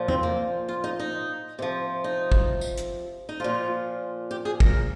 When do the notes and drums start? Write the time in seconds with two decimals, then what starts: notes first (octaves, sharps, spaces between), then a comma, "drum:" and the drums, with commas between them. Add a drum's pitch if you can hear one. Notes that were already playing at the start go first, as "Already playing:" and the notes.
Already playing: A#2 F3
0.08 C4, drum: tom E2
0.23 A#3
0.68 F4
0.84 D#4
0.99 D#4
1.59 C3 F3
2.04 D#4
2.32 drum: kick
2.61 drum: tambourine
2.78 drum: hi-hat
3.29 D#4
3.40 A#2 F3 F4
4.31 G4
4.45 G#4
4.60 A#4, drum: kick